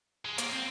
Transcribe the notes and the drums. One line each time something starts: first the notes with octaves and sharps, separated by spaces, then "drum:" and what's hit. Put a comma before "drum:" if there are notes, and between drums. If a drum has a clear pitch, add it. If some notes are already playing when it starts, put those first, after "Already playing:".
G#3
A#3, drum: hi-hat
C4